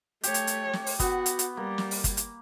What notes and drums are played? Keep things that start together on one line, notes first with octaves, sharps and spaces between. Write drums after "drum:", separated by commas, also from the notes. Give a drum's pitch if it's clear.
A3 G4 C#5, drum: hi-hat
drum: hi-hat
drum: hi-hat
drum: snare
drum: open hi-hat
B3 F#4, drum: kick G1, hi-hat
drum: hi-hat
drum: hi-hat
G3 A#3
drum: snare
drum: open hi-hat
drum: kick G1, hi-hat
drum: hi-hat